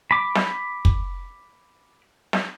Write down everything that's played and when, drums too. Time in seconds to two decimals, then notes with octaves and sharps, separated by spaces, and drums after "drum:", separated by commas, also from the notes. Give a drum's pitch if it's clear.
0.11 B5 D6
0.35 drum: snare
0.85 drum: kick
2.33 drum: snare